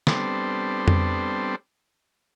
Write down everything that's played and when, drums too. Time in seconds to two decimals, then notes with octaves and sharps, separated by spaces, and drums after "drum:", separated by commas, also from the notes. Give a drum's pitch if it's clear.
0.07 G3 B3 C4 D4 A4 C5, drum: snare
0.88 drum: tom F2